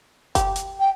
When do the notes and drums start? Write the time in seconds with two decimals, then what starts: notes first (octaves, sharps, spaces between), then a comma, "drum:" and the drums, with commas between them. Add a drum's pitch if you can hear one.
0.35 G4, drum: kick F#1, hi-hat
0.56 drum: hi-hat
0.80 G5